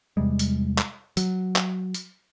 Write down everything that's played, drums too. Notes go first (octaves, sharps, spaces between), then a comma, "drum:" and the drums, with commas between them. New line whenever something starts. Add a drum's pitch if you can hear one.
E2 C3 G3 G#3
drum: hi-hat
drum: clap
F#3, drum: hi-hat
drum: clap
drum: hi-hat